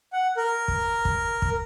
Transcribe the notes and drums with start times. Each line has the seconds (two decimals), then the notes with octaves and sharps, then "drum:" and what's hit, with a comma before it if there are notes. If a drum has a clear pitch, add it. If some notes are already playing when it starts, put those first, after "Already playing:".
0.13 F#5
0.37 A#4
0.68 drum: kick
1.05 drum: kick
1.42 drum: kick